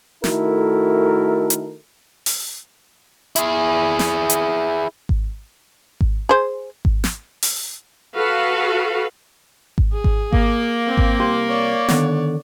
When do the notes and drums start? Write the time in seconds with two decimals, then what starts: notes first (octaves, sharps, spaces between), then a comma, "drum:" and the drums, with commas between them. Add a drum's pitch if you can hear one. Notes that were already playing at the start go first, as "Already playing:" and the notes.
0.24 D#3 A3 E4 F#4 A4 A#4, drum: snare
1.50 drum: hi-hat
2.26 drum: open hi-hat
3.36 E4 G#4, drum: hi-hat
3.99 drum: snare
4.30 drum: hi-hat
5.09 drum: kick G#1
6.01 drum: kick G#1
6.29 G#4 C5
6.85 drum: kick G#1
7.04 drum: snare
7.42 drum: open hi-hat
8.15 F#4 A4 B4 F5
9.78 drum: kick G#1
9.93 G#4
10.04 drum: kick G#1
10.33 A#3, drum: kick G#1
10.87 C4
10.97 drum: kick G#1
11.20 C2 G4 C6
11.49 C#5 D5
11.88 D3 D#3 B3, drum: snare